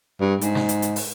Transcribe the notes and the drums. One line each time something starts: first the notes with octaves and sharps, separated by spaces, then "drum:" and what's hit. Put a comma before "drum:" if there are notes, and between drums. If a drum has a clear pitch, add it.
G2
G#2, drum: hi-hat
drum: snare
drum: hi-hat
drum: hi-hat
drum: open hi-hat